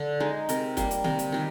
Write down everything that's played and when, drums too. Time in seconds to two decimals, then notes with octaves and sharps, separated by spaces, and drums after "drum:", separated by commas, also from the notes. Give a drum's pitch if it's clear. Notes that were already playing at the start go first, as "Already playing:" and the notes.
Already playing: D3 D4
0.20 G#3 D#4
0.49 C3 A#4, drum: hi-hat
0.77 G3 A#3, drum: kick, hi-hat
0.91 drum: hi-hat
1.04 C3 A#4, drum: tom D3
1.19 drum: hi-hat
1.32 D#3 G3